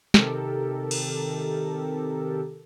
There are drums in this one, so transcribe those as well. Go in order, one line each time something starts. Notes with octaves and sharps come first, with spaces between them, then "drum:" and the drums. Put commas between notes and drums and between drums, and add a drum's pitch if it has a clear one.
C3 D#3 G4 A4 A#4, drum: snare
drum: cymbal